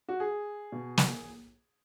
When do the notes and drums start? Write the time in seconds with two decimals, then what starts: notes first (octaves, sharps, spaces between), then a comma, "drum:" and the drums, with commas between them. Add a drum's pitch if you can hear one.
0.08 F#4
0.20 G#4
0.72 B2
0.98 drum: snare